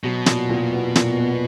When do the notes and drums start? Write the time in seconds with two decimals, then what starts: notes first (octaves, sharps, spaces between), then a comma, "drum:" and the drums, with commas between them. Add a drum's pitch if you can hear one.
0.04 B2 F#3
0.26 A#2, drum: snare
0.49 A#2
0.73 B3
0.96 A#2, drum: snare
1.18 B3